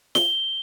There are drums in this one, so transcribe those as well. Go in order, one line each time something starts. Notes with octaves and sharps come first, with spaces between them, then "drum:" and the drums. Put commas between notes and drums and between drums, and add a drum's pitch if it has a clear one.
G7, drum: snare